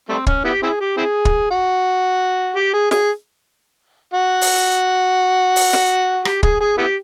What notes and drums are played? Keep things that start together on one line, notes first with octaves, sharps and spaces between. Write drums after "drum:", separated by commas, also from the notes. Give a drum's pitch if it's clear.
G3 A3 C4
C#4, drum: kick
B3 E4 G4
C4 E4 G#4
G4
C4 E4 G#4
drum: kick
F#4
G4
G#4
G#4, drum: snare
F#4
drum: open hi-hat
drum: open hi-hat
drum: snare
G4, drum: rim click
G#4, drum: kick
G#4
B3 E4 G4